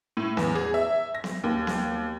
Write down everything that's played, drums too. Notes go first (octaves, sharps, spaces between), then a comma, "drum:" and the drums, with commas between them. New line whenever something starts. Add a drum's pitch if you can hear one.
A2
E2, drum: snare B3
G#4
E5
A#6
drum: snare B3
D#2
drum: snare B3